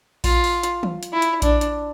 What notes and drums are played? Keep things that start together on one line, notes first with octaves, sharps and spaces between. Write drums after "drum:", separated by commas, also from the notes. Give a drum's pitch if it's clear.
F4, drum: kick A#1, open hi-hat
drum: open hi-hat
drum: hi-hat
drum: tom
drum: hi-hat
E4
drum: hi-hat
D4, drum: kick A#1, hi-hat
drum: hi-hat